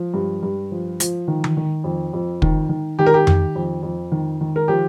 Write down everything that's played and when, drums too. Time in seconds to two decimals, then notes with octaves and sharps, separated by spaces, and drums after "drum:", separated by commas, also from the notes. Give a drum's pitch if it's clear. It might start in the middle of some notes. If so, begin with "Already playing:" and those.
Already playing: F3
0.14 G2
0.43 G2
0.72 F3
1.00 F3, drum: hi-hat
1.28 D#3
1.44 drum: tom D#3
1.57 D#3
1.84 F2
2.13 F2
2.42 D#3, drum: kick
2.69 D#3
2.99 D#3 G4
3.06 A#4
3.14 G4
3.27 D#3, drum: tom F2
3.56 F2
3.83 F2
4.12 D#3
4.41 D#3
4.56 A#4
4.68 F3 G4